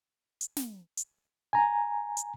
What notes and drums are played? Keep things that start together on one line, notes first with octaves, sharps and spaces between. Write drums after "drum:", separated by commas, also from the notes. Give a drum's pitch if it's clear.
drum: hi-hat
drum: snare
drum: hi-hat
G#5 A#5
drum: hi-hat